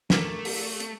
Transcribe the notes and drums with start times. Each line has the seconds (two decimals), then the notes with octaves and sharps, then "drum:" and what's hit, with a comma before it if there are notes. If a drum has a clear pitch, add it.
0.10 A3 A#4 D6, drum: snare
0.45 drum: open hi-hat
0.80 drum: hi-hat